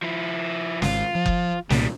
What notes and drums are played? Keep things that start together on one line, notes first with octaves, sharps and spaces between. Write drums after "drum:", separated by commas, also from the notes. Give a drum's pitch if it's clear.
F3 E4
G#1 G#2 F4, drum: snare
F3
drum: kick F#1
C2 A#2 D#3 G3 A#3, drum: snare